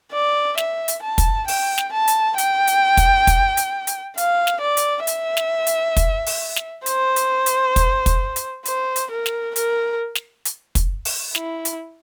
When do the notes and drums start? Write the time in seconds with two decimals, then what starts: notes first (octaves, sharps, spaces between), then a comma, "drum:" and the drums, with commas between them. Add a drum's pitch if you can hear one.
0.12 D5
0.58 E5, drum: snare
0.88 drum: hi-hat
1.03 A5
1.18 drum: kick, hi-hat
1.48 G5, drum: open hi-hat
1.78 drum: snare
1.93 A5
2.08 drum: hi-hat
2.38 G5, drum: hi-hat
2.67 drum: hi-hat
2.97 drum: kick, hi-hat
3.27 drum: kick, hi-hat
3.57 drum: hi-hat
3.87 drum: hi-hat
4.18 F5, drum: hi-hat
4.47 drum: snare
4.61 D5
4.77 drum: hi-hat
5.07 E5, drum: hi-hat
5.37 drum: snare
5.67 drum: hi-hat
5.97 drum: kick, hi-hat
6.26 drum: open hi-hat
6.56 drum: snare
6.86 C5, drum: hi-hat
7.16 drum: hi-hat
7.46 drum: hi-hat
7.76 drum: kick, hi-hat
8.06 drum: kick, hi-hat
8.36 drum: hi-hat
8.65 C5, drum: hi-hat
8.96 drum: hi-hat
9.11 A#4
9.26 drum: snare
9.56 A#4, drum: hi-hat
10.15 drum: snare
10.45 drum: hi-hat
10.75 drum: kick, hi-hat
11.05 drum: open hi-hat
11.35 E4, drum: snare
11.65 drum: hi-hat